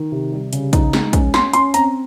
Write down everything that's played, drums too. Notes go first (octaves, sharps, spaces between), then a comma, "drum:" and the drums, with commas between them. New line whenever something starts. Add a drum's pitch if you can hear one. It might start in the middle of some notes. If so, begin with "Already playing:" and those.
Already playing: D#3
C3
G3
C#3, drum: hi-hat
D#4, drum: kick, hi-hat
G#3, drum: snare
C#4, drum: kick, hi-hat
C#4 C6, drum: snare
C#4 C6, drum: hi-hat
C4 A#5, drum: hi-hat